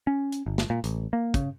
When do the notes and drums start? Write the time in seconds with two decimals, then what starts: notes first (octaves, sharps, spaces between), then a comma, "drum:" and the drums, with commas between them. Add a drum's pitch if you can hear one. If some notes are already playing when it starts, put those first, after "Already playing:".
0.07 C#4
0.32 drum: hi-hat
0.46 G1
0.58 drum: snare
0.70 A#2
0.84 A1, drum: hi-hat
1.13 A#3
1.34 C#3, drum: kick, hi-hat